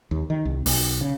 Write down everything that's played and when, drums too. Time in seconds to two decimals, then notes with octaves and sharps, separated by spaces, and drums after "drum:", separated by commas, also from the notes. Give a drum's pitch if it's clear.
0.11 D#2
0.30 D#3
0.45 C2
0.66 B1, drum: open hi-hat
1.01 C#3